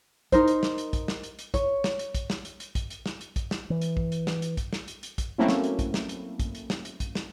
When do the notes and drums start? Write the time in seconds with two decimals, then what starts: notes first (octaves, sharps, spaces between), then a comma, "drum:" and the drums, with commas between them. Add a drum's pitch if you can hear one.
0.32 D#4 A#4 C5, drum: kick, hi-hat
0.48 drum: hi-hat
0.63 drum: snare
0.78 drum: hi-hat
0.93 drum: kick, hi-hat
1.08 drum: snare
1.23 drum: hi-hat
1.39 drum: hi-hat
1.54 C#5, drum: kick, hi-hat
1.84 drum: snare
1.99 drum: hi-hat
2.15 drum: kick, hi-hat
2.30 drum: snare
2.45 drum: hi-hat
2.60 drum: hi-hat
2.75 drum: kick, hi-hat
2.90 drum: hi-hat
3.06 drum: snare
3.21 drum: hi-hat
3.36 drum: kick, hi-hat
3.51 drum: snare
3.70 E3
3.81 drum: hi-hat
3.97 drum: kick
4.12 drum: hi-hat
4.27 drum: snare
4.42 drum: hi-hat
4.57 drum: kick, hi-hat
4.73 drum: snare
4.88 drum: hi-hat
5.03 drum: hi-hat
5.18 drum: kick, hi-hat
5.38 F#3 A3 A#3 C4 C#4 E4
5.48 drum: snare
5.64 drum: hi-hat
5.79 drum: kick, hi-hat
5.94 drum: snare
6.09 drum: hi-hat
6.40 drum: kick, hi-hat
6.55 drum: hi-hat
6.70 drum: snare
6.85 drum: hi-hat
7.00 drum: kick, hi-hat
7.15 drum: snare